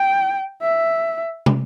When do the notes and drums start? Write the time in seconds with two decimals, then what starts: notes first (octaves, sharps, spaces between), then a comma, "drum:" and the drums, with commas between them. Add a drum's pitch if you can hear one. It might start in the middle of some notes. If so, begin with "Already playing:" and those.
Already playing: G5
0.62 E5
1.46 drum: tom